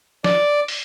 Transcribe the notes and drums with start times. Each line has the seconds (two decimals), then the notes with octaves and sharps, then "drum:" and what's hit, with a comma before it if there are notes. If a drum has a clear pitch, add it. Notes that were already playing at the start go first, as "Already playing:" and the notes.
0.24 D5, drum: snare
0.68 drum: open hi-hat